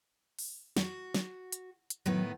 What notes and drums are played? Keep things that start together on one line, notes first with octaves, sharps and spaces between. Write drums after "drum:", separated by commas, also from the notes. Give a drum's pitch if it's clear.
drum: open hi-hat
F#4, drum: snare
drum: snare
drum: hi-hat
drum: hi-hat
A2 D#3 F#3 B3